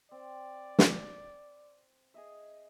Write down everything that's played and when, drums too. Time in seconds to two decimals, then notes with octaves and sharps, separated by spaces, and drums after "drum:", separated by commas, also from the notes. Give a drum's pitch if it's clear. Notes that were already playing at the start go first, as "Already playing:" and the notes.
0.11 C4 D5
0.79 drum: snare
2.14 G#4 D#5 E5